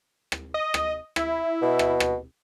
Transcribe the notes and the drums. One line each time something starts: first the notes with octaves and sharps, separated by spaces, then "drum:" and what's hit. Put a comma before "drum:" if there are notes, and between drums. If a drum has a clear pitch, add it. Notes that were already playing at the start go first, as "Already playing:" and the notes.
drum: rim click
D#5
drum: rim click
E4, drum: rim click
B2
drum: rim click
drum: rim click